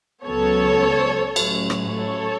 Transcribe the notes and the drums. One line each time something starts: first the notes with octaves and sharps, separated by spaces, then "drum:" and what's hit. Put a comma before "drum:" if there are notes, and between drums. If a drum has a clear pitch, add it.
C#2 C#3 F#3 B3 A4 C#5
A2 F#3 C#4, drum: cymbal
drum: rim click
A4 C#5